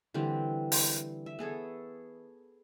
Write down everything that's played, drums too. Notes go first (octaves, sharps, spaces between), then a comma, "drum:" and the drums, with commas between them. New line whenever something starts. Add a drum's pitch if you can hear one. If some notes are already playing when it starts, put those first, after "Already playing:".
D3 E3 G3 C4
drum: open hi-hat
E5
B3 G#4 A4 C#5